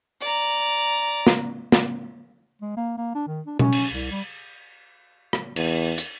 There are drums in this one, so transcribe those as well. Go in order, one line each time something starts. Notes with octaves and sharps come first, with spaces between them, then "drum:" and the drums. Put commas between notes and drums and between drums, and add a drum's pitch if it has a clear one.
D5 A#5
drum: snare
drum: snare
G#3
A#3
A#3
D4
D#3
D4
C#4, drum: tom B2
drum: cymbal
C2
G3
drum: rim click
E2, drum: cymbal
drum: hi-hat